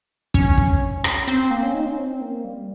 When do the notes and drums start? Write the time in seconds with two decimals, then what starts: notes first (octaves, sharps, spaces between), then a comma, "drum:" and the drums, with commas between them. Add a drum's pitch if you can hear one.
0.34 C#4, drum: kick
0.57 drum: kick
1.04 drum: rim click
1.28 C4
1.51 A#3
1.63 C#4
1.74 D#4
1.86 C#4
1.98 C4
2.21 A#3
2.44 G3